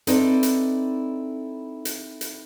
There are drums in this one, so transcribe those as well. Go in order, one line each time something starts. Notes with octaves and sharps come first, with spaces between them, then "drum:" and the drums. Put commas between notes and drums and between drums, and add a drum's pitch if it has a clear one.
C4 D#4 E4 A4 B4 D5, drum: hi-hat
drum: hi-hat
drum: hi-hat
drum: hi-hat